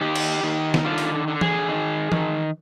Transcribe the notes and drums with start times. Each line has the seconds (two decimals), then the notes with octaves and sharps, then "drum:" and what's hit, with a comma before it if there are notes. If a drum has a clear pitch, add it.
0.01 D#3 G4
0.16 drum: cymbal
0.43 D#3
0.74 drum: snare
0.85 D3 F4
0.98 drum: open hi-hat
1.28 D3
1.41 G#4, drum: tom E3
1.69 D#3
2.12 D#3, drum: tom E3